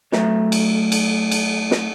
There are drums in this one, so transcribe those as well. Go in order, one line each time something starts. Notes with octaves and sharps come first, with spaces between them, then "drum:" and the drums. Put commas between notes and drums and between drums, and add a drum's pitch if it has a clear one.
F#3 A3 F#4 E5 A#5, drum: snare
drum: cymbal
drum: cymbal
drum: cymbal
drum: snare